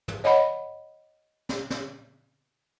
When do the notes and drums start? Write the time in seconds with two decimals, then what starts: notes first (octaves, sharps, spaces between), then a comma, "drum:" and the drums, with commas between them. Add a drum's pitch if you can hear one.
0.08 drum: tom
0.24 C#5 D#5 F#5 B5
1.49 drum: snare
1.70 drum: snare